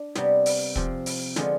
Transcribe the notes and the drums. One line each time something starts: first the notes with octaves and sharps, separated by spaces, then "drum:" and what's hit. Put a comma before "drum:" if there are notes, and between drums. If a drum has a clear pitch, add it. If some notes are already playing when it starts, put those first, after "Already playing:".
Already playing: D4
C3 G3 B3, drum: snare
drum: open hi-hat
C3 F3 C4, drum: kick
drum: open hi-hat
D3 F3 G#3 B3 F4, drum: snare